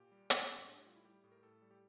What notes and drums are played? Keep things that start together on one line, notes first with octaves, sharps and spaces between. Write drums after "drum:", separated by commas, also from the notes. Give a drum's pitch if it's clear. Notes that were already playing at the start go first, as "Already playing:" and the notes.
Already playing: A#2 G4
G3
G3 G4, drum: hi-hat
A2 C#4
A2 D4
G4
G3 F4
E4
G3 G4
A2
A#4
A2 A4
G3
G4